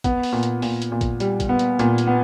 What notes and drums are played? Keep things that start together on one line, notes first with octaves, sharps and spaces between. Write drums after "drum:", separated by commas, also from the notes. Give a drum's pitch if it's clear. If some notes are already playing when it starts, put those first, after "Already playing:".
B3, drum: kick, hi-hat
drum: open hi-hat
A#2
drum: hi-hat
A#2, drum: open hi-hat
drum: hi-hat
A#2
drum: kick, hi-hat
G3, drum: hi-hat
drum: kick, hi-hat
B3
drum: hi-hat
A#2, drum: hi-hat
drum: hi-hat
B3